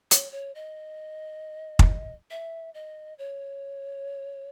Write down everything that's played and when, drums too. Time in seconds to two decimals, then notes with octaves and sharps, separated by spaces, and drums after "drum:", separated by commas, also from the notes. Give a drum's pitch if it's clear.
0.11 C#5, drum: hi-hat
0.32 C#5
0.55 D#5
1.79 drum: kick
2.31 E5
2.74 D#5
3.18 C#5